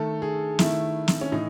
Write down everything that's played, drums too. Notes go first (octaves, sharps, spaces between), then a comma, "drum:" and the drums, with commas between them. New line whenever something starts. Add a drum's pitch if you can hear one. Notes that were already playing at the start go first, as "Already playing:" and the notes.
Already playing: D#3 A3 A4
G#4
D#3 A3 E4, drum: snare
drum: snare
C#4
A2 E3 D#4